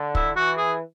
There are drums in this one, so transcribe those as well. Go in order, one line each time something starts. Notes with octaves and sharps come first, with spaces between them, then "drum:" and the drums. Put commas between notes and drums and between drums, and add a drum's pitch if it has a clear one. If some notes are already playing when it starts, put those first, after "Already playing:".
Already playing: D3
E4, drum: kick
E3 F#4
G#4